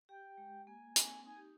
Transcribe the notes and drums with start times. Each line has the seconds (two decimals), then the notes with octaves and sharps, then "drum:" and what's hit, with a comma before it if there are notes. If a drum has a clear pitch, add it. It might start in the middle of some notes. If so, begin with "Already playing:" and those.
0.09 G4 G5
0.38 G#3
0.67 A#3 G#5
0.96 C4, drum: hi-hat
1.26 D#4 G#5
1.36 G4